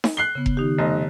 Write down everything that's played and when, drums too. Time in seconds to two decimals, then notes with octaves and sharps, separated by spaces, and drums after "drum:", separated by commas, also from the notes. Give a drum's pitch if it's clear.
0.04 drum: snare D#4
0.17 F#6 C7 G7
0.35 C#3 B3
0.46 drum: kick F1
0.57 D#3 D#4 G4
0.78 F1 D#5